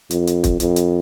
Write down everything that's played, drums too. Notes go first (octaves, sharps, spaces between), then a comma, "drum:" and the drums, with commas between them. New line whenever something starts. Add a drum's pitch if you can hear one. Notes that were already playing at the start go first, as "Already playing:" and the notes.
F2, drum: hi-hat
drum: hi-hat
drum: kick, hi-hat
F2, drum: hi-hat
drum: hi-hat